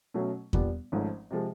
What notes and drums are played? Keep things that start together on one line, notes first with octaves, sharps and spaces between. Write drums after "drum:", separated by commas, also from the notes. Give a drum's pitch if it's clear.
B2 F#3 A3 C#4 F#4
A#2 G3 B3 D4, drum: kick E2
G#1 G#2 F3 A3 C#4
C3 F3 G#3